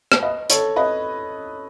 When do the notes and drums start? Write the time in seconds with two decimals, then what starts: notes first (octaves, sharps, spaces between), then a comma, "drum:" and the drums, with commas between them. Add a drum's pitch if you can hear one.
0.12 drum: rim click
0.22 B4 D#5
0.50 A4 C#5, drum: hi-hat
0.76 B4 D#5